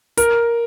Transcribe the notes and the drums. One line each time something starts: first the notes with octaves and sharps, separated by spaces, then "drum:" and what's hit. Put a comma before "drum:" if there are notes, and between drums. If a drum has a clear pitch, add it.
A#4, drum: hi-hat